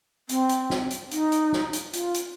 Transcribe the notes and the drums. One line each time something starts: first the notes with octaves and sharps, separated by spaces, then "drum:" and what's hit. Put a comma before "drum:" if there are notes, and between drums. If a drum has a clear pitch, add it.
C4, drum: hi-hat
drum: hi-hat
drum: snare
drum: hi-hat
D#4, drum: hi-hat
drum: hi-hat
drum: snare
drum: hi-hat
F4, drum: hi-hat
drum: hi-hat